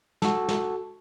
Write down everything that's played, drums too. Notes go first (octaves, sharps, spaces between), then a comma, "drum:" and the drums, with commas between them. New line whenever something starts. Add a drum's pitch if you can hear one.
F#4 A4, drum: snare
drum: snare